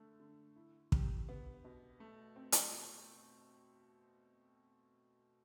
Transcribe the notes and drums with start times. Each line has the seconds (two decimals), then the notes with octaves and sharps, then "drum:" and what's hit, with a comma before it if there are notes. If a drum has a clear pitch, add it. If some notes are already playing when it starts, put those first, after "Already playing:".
Already playing: D3 A3
0.20 D3
0.56 E4
0.92 G4, drum: kick
1.29 B3
1.65 B2
2.00 A3
2.36 C4
2.52 drum: hi-hat
2.72 B2